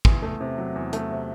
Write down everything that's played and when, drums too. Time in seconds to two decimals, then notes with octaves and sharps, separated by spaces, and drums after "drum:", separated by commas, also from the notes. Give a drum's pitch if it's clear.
0.05 E2, drum: kick
0.22 A3
0.41 C3
0.58 F#3
0.76 E2
0.93 A3, drum: hi-hat
1.11 C3